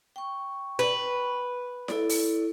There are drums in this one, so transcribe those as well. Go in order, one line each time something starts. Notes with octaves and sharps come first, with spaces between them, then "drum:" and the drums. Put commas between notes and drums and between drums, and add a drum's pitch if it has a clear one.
G5 C#6
B4
E4 A4 D5, drum: snare E4
drum: open hi-hat